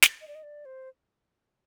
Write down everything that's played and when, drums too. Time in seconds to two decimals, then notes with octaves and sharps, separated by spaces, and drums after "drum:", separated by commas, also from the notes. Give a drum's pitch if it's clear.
0.03 drum: snare
0.21 D#5
0.28 D5
0.35 D#5
0.43 D5
0.65 C5